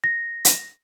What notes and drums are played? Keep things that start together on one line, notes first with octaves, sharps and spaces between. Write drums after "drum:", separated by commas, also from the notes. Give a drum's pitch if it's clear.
A#6
drum: hi-hat